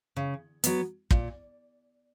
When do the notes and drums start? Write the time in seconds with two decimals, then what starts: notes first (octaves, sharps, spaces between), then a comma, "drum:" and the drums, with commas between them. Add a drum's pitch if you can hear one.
0.16 C#3
0.64 F#3 B3, drum: hi-hat
1.11 A#2, drum: kick